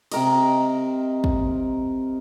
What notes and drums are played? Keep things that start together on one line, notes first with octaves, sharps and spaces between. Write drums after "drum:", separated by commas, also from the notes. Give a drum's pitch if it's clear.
C3 A#4 D#5, drum: cymbal
drum: kick